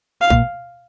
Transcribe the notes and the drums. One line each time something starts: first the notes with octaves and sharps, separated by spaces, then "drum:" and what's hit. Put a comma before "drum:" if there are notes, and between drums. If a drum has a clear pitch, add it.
F5
A#2, drum: kick A#1